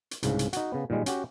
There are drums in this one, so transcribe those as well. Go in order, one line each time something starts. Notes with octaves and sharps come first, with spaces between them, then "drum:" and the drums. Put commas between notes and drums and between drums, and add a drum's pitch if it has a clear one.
drum: hi-hat
C2 G#2 C#3, drum: hi-hat
drum: hi-hat
D#4 F#4, drum: hi-hat
C#3 B3
A#2 D#3 G3 G#3
C#4 F#4 G4, drum: hi-hat